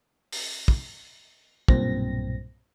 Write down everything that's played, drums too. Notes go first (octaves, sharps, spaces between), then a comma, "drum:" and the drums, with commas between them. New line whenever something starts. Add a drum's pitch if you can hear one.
drum: open hi-hat
drum: kick
B1 G2 A#2 C4 A#6, drum: kick